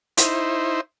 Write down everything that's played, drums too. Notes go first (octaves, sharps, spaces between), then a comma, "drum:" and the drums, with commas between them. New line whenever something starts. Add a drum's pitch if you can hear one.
D#4 E4 C5, drum: hi-hat